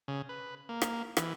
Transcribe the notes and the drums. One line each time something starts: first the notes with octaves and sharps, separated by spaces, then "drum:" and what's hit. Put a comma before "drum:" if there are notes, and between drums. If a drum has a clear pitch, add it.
C#3
B4
A#3
drum: rim click
E3, drum: rim click